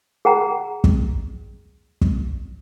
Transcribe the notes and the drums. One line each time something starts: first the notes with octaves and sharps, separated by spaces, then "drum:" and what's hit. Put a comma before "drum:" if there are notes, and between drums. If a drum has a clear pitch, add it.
G#4 F#5 G5 A#5
drum: kick
drum: kick